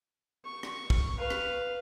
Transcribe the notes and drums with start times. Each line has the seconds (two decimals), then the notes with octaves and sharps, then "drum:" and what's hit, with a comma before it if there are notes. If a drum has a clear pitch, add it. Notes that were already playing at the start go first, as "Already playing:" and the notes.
0.45 C#6
0.63 drum: rim click
0.90 drum: kick
1.17 B4 F5
1.30 drum: rim click